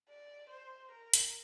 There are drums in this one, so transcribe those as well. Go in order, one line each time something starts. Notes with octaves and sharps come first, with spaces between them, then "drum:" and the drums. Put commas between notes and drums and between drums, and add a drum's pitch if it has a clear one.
D5
C5
A#4
drum: hi-hat